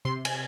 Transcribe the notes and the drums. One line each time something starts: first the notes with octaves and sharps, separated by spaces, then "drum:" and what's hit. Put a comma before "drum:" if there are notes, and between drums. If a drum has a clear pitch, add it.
C3 C6
G#5, drum: cymbal